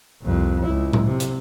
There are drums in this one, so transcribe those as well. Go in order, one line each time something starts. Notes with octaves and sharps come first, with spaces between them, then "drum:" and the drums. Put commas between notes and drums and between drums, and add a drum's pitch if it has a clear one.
C2 F2
C#2 E4
drum: tom A2
C3
drum: hi-hat